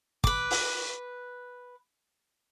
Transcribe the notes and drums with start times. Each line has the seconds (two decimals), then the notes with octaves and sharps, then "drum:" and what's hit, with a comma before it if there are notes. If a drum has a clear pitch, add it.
0.24 B4 D6, drum: kick
0.51 drum: open hi-hat